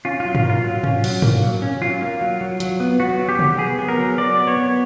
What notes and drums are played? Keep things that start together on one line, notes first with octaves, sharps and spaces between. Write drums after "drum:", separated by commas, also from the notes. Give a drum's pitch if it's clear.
C#4 F4
F#3 F4
F4, drum: tom
A#3 F4
F#3
C#4, drum: tom
F#3, drum: cymbal
A#3, drum: tom
F#3
C#4
F#3 F4
A#3
F#3
F#3
F#3, drum: hi-hat
B3
B3 F#4
F#3
G4
F#3, drum: tom
B3 G#4
B3
A#4
F#3
F#3 D5
B3
C#5
B3